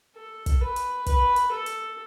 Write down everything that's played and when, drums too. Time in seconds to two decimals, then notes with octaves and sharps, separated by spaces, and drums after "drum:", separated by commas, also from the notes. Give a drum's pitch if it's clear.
0.16 A4
0.46 drum: kick, hi-hat
0.61 B4
0.76 drum: hi-hat
1.06 B4, drum: kick, hi-hat
1.36 drum: hi-hat
1.51 A4
1.66 drum: hi-hat